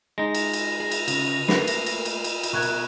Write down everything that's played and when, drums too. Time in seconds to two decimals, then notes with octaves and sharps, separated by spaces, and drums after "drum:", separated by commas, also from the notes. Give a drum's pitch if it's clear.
0.18 G#3 D#4 A#6
0.35 drum: cymbal
0.53 drum: cymbal
0.80 G#4
0.91 drum: cymbal
1.08 C#3, drum: cymbal
1.48 A3 A#3 B4 C7, drum: snare
1.67 drum: cymbal
1.86 drum: cymbal
2.05 drum: cymbal
2.24 drum: cymbal
2.43 drum: cymbal
2.53 B2 A#4 E5 C#6 F#6 G#6
2.62 drum: cymbal